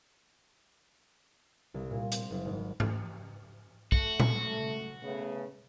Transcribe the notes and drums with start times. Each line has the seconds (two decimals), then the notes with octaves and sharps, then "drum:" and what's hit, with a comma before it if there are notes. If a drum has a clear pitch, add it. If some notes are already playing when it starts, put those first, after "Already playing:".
1.74 C2
1.90 A#2
2.12 C4, drum: hi-hat
2.30 F#1
2.46 G#1
2.80 drum: tom G#2
3.92 A3 F#4, drum: kick
4.20 drum: tom A#2
5.03 C#3 A3 B3